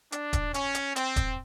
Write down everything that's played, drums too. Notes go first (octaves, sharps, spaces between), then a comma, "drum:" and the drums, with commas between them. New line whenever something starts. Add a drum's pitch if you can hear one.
D4, drum: hi-hat
drum: kick D#1, hi-hat
C#4, drum: hi-hat
drum: hi-hat
C4, drum: hi-hat
drum: kick D#1, hi-hat